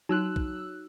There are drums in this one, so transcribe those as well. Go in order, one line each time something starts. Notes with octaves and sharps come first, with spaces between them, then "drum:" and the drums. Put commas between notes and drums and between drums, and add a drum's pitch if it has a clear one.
F#3 D#4 F#4 E6 F#6
drum: kick